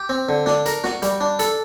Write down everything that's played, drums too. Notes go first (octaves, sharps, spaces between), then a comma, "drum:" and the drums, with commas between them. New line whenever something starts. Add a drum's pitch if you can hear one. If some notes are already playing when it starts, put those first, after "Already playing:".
Already playing: G4
C4
D3
D4, drum: snare
A#4, drum: hi-hat
F#4, drum: snare
G3, drum: hi-hat
D4
A4, drum: hi-hat